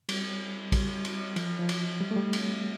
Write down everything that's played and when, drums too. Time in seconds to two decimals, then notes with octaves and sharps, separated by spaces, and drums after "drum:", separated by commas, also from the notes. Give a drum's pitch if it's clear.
0.09 G3, drum: cymbal
0.72 G3, drum: kick, cymbal
1.05 drum: cymbal
1.36 F3, drum: cymbal
1.59 F3
1.69 drum: cymbal
2.00 G3
2.11 A3
2.16 G3
2.33 drum: cymbal